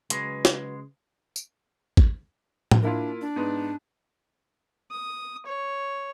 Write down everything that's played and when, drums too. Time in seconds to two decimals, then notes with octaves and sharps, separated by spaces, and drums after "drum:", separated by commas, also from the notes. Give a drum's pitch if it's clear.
0.10 C#3 F#3 G#3 B4, drum: hi-hat
0.45 drum: snare
1.36 drum: tambourine
1.97 drum: kick G#1
2.71 drum: tom A2
2.83 A#3 D4 E4 F4
3.21 D4
3.36 G#2 B3
4.91 D#6
5.46 C#5